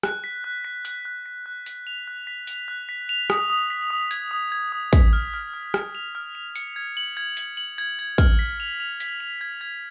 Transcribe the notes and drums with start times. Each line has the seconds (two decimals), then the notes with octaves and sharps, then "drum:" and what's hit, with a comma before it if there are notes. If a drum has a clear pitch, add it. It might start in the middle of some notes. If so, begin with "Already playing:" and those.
0.03 F#6, drum: rim click
0.24 B6
0.44 F#6
0.65 B6
0.85 F#6, drum: hi-hat
1.05 F#6
1.26 B6
1.46 F#6
1.66 B6, drum: hi-hat
1.87 F7
2.08 F#6
2.27 B6
2.47 F7, drum: hi-hat
2.68 F#6
2.89 B6
3.09 F7
3.30 D#6, drum: rim click
3.50 D#6
3.70 B6
3.90 D#6
4.11 G#6, drum: hi-hat
4.31 D#6
4.52 G#6
4.72 D#6
4.93 B6, drum: kick, hi-hat
5.13 F6
5.34 F6
5.54 F6
5.74 F6, drum: rim click
5.95 F7
6.15 F6
6.35 F7
6.56 C#7, drum: hi-hat
6.76 G#6
6.97 F#7
7.17 G#6
7.37 F#7, drum: hi-hat
7.57 F#7
7.78 G#6
7.99 G#6
8.18 F6, drum: kick, hi-hat
8.39 B6
8.60 F7
8.80 F7
9.00 B6, drum: hi-hat
9.20 F7
9.41 G#6
9.61 G#6